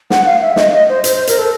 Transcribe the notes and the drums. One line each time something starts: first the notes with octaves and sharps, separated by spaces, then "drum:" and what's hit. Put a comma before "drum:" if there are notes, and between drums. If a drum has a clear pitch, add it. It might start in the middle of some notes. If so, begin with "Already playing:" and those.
F#5, drum: snare
F5
E5
D#5, drum: snare
D#5
C5
C5, drum: hi-hat
C5
A#4, drum: hi-hat
A4